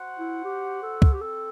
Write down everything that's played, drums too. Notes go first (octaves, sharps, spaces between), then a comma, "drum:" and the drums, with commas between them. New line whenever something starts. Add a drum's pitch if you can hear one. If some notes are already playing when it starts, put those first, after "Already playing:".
Already playing: F#4 C5 F#5
E4
G4
A4
drum: kick
G4
C4 A4